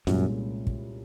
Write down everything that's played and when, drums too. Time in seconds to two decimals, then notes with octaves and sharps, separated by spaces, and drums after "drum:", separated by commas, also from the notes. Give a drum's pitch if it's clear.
0.07 C2 F#2 A#2 G#3 C#4 F4, drum: snare
0.67 drum: kick